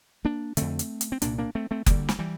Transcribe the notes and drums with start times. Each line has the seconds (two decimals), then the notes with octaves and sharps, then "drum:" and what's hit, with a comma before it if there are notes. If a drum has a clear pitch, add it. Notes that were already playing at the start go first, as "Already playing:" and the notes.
0.25 A#3 D4
0.57 F2 D3 A3 C4, drum: hi-hat
0.79 drum: hi-hat
1.01 drum: hi-hat
1.12 C4
1.22 C2 A#2 A#3 D4, drum: hi-hat
1.38 A#3 D4
1.55 A3 C4
1.71 A3 C4
1.86 D2 D3 G3 A#3, drum: kick F#1, hi-hat
2.09 drum: snare
2.19 E3 G3